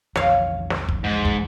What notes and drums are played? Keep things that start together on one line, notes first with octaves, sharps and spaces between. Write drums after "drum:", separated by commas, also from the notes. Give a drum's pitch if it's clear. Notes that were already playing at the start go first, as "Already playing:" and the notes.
B1 F2 E3 C#5 F5, drum: snare
drum: snare
drum: kick
G#2
drum: kick